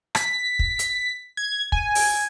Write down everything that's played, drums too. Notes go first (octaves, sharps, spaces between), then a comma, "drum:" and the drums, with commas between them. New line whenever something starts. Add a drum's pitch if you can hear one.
B6, drum: rim click
drum: kick
drum: hi-hat
G#6
G#5, drum: kick
drum: open hi-hat